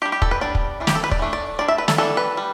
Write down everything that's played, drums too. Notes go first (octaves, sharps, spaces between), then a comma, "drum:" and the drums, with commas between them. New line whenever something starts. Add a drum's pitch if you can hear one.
G3 D4 G4
G4
A4, drum: kick
B4
G3 B3 D4 D5
drum: kick
E3 G3 D4
G4, drum: snare
A4
B4
D5, drum: kick
E3 A3 D4
D5
G3 D4 D5
E5
B4
A4, drum: snare
E3 G3 B3 D4 A4
B4
G3